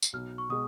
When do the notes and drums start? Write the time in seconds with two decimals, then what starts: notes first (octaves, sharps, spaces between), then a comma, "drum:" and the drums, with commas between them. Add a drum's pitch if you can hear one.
0.03 drum: tambourine
0.13 B1 F6
0.38 C#6
0.49 B2 G#3 D#6